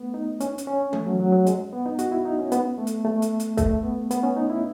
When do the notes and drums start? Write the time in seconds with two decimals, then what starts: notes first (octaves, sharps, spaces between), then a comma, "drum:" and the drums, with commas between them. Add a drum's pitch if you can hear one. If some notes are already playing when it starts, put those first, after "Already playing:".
Already playing: A3 B3
0.14 D#4
0.41 C#4, drum: hi-hat
0.58 drum: hi-hat
0.67 C#4
0.93 A3, drum: tom E3
1.06 F#3
1.19 F#3
1.32 F#3
1.47 G#3, drum: hi-hat
1.73 B3
1.86 D#4
1.99 F#4, drum: hi-hat
2.12 E4
2.25 D#4
2.39 C#4
2.52 B3, drum: hi-hat
2.78 A3
2.87 drum: hi-hat
3.05 A3
3.22 drum: hi-hat
3.40 drum: hi-hat
3.58 A3, drum: kick, hi-hat
3.83 B3
4.11 B3, drum: hi-hat
4.23 C#4
4.37 D#4
4.50 E4